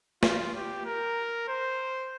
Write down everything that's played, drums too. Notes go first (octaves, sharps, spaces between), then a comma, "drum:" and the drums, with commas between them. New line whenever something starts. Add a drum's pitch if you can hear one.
F4, drum: snare
G4
A#4
C5